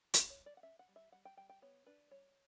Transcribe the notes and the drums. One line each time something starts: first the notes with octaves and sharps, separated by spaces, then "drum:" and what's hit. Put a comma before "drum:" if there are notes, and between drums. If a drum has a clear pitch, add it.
C#4 G4, drum: hi-hat
C#5
G3
D5
F#5
C#4 E5
F#5
G3
E5
G3 F#5
G5
G3 G5
G5
B3 C#5
D4 B4
G3 C#5